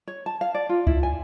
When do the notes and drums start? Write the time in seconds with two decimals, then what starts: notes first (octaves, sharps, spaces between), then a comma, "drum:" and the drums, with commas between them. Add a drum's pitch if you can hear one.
0.07 C#5
0.26 A5
0.41 F5
0.54 D5
0.69 F4
0.87 E4, drum: kick C#2
1.03 G#5